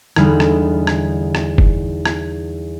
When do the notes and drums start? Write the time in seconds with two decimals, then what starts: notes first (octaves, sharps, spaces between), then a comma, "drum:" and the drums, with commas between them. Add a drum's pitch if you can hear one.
0.16 E2 D3 G3 D#4 F6 F#6, drum: rim click
0.40 drum: rim click
0.87 drum: rim click
1.35 drum: rim click
1.58 drum: kick F#1
2.06 drum: rim click